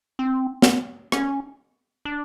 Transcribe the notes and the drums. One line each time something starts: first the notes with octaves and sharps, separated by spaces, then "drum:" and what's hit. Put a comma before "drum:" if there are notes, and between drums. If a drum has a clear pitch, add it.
C4
drum: snare
C#4, drum: rim click
D4